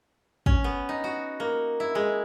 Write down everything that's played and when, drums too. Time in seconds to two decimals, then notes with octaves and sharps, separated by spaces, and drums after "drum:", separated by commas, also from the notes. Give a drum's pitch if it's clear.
0.46 C#4, drum: kick
0.64 B3
0.89 D#4
1.04 F#4
1.40 A#3
1.80 E4
1.95 G#3